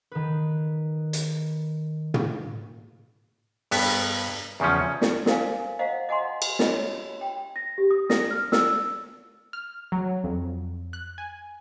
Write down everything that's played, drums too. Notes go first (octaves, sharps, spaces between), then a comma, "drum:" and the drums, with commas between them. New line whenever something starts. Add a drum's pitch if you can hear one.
D#3 B4
drum: hi-hat
drum: tom
G2 B3, drum: open hi-hat
E2 C#3 F3 C#4
drum: snare
A#4 C5 F5 G#5, drum: snare
C5 D#5 F5 F#5 A#5
D#5 F#5 G#5 A#5 C6
drum: cymbal
D4 F4 C#5 D#5, drum: snare
G5
A#6
G4
D#6
A#6, drum: snare
F6
E6, drum: snare
F6
F#3
F2
F#6
G#5